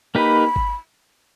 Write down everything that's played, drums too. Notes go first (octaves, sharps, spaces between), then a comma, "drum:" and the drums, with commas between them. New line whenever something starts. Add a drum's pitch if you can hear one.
A#3 D#4 G4 B4 B5
drum: kick G1